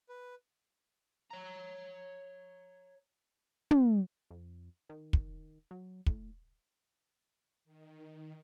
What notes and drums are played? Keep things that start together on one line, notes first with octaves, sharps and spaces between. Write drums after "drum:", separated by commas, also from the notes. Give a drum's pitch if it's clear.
B4
C#5 A#5
drum: tom
F2
D#3
drum: kick
F#3
A2, drum: kick
D#3